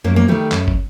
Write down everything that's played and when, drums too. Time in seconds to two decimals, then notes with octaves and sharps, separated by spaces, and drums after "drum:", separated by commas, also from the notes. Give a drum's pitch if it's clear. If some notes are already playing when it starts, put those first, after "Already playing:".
0.04 F#2 A#3
0.16 A#3
0.28 D#3 G3 A3
0.51 F#2, drum: clap
0.68 drum: kick